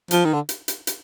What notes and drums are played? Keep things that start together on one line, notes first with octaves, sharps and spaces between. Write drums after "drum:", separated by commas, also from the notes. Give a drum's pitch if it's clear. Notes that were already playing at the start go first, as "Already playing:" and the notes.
F3, drum: hi-hat
D#3
D3
drum: hi-hat
drum: hi-hat
drum: hi-hat